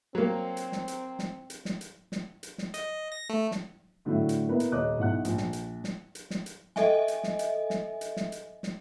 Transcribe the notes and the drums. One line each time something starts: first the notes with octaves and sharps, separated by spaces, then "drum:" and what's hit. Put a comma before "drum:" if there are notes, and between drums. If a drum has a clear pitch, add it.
F#3 A#3 C4
drum: hi-hat
drum: snare
drum: hi-hat
drum: snare
drum: hi-hat
drum: snare
drum: hi-hat
drum: snare
drum: hi-hat
drum: snare
D#5, drum: hi-hat
A#6
A3
drum: snare
A2 D3 F#3 A3 E4
drum: hi-hat
A#3 B3 E4 A#4 B4
drum: hi-hat
D#1 C#5 D#5 D6 F#6
B1 E4 F#5 F#6
A#1, drum: hi-hat
drum: snare
drum: hi-hat
drum: snare
drum: hi-hat
drum: snare
drum: hi-hat
A4 D#5 E5 G#5, drum: snare
drum: hi-hat
drum: snare
drum: hi-hat
drum: snare
drum: hi-hat
drum: snare
drum: hi-hat
drum: snare